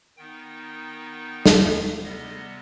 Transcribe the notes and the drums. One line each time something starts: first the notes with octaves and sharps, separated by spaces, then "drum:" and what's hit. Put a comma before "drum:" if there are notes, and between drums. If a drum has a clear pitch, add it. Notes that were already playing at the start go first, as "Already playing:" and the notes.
D#3 B3 D#4 G5
G5
G5
drum: snare
F5
C3 G3 B3 D#5